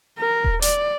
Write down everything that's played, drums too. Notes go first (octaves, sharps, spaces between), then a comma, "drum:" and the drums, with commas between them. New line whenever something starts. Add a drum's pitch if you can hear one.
A#4
drum: kick D#1
D5, drum: hi-hat